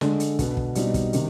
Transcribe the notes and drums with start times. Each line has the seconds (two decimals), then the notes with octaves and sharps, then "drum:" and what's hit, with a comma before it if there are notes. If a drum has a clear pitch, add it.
0.01 D3 G#3 D4, drum: snare
0.20 drum: hi-hat
0.39 B2 B3 D4, drum: kick, hi-hat
0.57 drum: kick
0.75 B2 G3 C4 D#4, drum: hi-hat
0.94 drum: kick, hi-hat
1.13 C3 D#3, drum: hi-hat